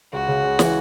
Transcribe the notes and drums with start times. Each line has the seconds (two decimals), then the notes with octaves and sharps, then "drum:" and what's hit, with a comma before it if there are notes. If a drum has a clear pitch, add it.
0.13 C#2 F#4
0.28 C#3
0.44 C#2
0.59 E3, drum: snare